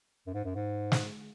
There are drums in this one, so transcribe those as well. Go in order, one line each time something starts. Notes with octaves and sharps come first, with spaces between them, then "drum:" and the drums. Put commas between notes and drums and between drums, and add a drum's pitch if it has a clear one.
F#2
G#2
F#2
G#2
drum: snare